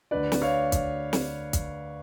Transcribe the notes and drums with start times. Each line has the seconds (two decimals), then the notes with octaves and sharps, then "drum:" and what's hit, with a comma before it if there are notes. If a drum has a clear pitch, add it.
0.11 D2 D3 B4 D5
0.32 drum: snare
0.42 C#5 F5
0.72 drum: kick, hi-hat
1.13 drum: snare
1.53 drum: kick, hi-hat